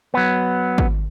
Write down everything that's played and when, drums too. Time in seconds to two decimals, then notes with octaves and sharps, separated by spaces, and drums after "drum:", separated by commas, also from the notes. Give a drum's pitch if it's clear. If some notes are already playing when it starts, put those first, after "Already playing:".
0.14 F#3 B3
0.78 drum: kick G#1